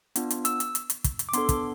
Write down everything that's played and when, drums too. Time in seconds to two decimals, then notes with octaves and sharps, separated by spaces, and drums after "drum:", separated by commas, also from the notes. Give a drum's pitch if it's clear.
0.16 B3 D4 F4, drum: hi-hat
0.31 drum: hi-hat
0.45 E6, drum: hi-hat
0.60 drum: hi-hat
0.75 drum: hi-hat
0.90 drum: hi-hat
1.04 drum: kick, hi-hat
1.19 drum: hi-hat
1.29 D6
1.33 B3 D4 A4 C6, drum: hi-hat
1.49 drum: kick, hi-hat